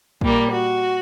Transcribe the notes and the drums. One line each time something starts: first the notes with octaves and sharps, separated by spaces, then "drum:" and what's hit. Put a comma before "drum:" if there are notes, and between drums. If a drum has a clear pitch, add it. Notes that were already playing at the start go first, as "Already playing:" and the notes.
A#2 G3 A#3, drum: kick
F#4